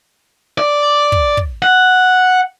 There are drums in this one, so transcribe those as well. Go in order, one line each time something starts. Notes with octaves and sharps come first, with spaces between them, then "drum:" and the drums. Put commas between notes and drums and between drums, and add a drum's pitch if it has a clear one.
D5
drum: kick
drum: kick
F#5